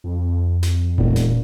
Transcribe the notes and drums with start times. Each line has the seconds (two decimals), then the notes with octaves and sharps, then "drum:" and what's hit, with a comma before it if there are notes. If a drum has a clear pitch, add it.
0.04 F2
0.63 drum: snare
0.98 E1 A#2, drum: kick E1
1.16 drum: snare